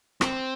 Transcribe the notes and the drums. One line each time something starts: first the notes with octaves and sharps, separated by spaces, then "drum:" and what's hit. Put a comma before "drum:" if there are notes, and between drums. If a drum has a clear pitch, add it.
C4, drum: rim click